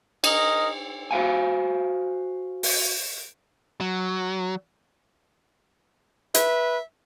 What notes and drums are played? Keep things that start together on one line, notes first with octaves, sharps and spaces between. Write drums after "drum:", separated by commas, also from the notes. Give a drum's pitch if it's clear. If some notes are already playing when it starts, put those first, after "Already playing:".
A#4 D#5, drum: cymbal
F#4 C5 F5 G#5
drum: open hi-hat
F#3
B4 E5, drum: hi-hat